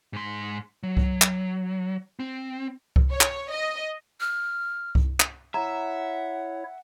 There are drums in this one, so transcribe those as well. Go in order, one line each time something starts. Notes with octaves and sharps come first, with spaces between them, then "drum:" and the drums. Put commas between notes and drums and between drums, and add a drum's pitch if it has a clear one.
G#2 C6
F#3
drum: kick C2
drum: clap
C4
drum: kick C2
C#5
drum: clap
D#5
F6
drum: kick C2
drum: clap
E4 C#5 E5 F#5 A#5